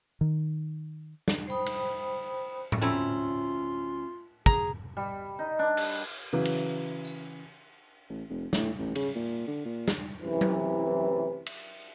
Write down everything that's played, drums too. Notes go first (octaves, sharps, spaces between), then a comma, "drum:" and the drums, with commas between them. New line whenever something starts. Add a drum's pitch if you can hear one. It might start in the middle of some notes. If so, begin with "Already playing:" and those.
D#3
drum: snare
C5 G5 B5 D#6
drum: cymbal
drum: tom A2
D2 A3 C4 C#4 E4 F4 A#5
G#4 A#5, drum: kick
G3
D#4
D4
drum: cymbal
C#3 E3 F#3
drum: cymbal
drum: tambourine
A1
F1
A2, drum: snare
A1
C#3, drum: cymbal
A#2
D3
A#2
drum: snare
F#2 A2 C3 E3
drum: tom F#3
drum: cymbal